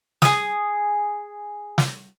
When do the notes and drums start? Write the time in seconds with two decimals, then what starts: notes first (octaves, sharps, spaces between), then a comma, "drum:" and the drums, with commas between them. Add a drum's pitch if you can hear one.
0.22 G#4 D#6, drum: snare
1.78 drum: snare